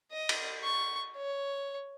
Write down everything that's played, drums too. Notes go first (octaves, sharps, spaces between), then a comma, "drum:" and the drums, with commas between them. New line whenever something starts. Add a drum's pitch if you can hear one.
D#5
drum: cymbal
C#6
C#5